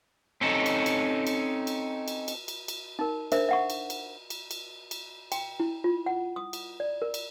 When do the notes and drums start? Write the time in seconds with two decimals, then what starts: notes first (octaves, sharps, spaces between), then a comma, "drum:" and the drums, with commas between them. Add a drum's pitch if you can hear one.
0.41 C4 C#4 D#4 A4
0.66 drum: cymbal
0.86 drum: cymbal
1.27 drum: cymbal
1.67 drum: cymbal
2.08 drum: cymbal
2.28 drum: cymbal
2.48 drum: cymbal
2.68 drum: cymbal
2.99 D#4 A#4
3.32 D4 A#4 C5 E5, drum: cymbal
3.49 E5 F#5 C#6
3.70 drum: cymbal
3.90 drum: cymbal
4.30 drum: cymbal
4.51 drum: cymbal
4.91 drum: cymbal
5.32 G5, drum: cymbal
5.60 E4
5.84 F4
6.06 F#5
6.36 D#6
6.53 drum: cymbal
6.80 D5
7.02 A#4
7.14 drum: cymbal